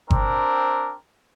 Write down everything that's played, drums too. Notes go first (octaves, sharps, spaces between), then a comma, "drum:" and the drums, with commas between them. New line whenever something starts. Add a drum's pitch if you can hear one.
C4 D4 A#4, drum: kick G1